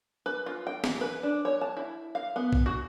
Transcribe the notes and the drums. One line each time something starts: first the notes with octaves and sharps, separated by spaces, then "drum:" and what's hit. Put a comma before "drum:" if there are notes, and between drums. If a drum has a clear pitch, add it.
B4
F4
G5
E3, drum: snare
B4
D4
C#5
A5
E4
F5
B3
drum: kick A#1
F#4